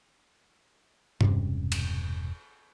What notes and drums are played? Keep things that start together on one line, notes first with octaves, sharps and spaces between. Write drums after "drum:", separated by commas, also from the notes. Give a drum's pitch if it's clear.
E1 G2 C3 C#4, drum: tom G2
drum: cymbal